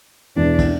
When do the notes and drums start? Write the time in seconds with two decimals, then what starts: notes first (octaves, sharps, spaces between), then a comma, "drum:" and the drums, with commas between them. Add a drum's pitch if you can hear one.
0.36 E1 E2 E3 D4
0.59 drum: kick, cymbal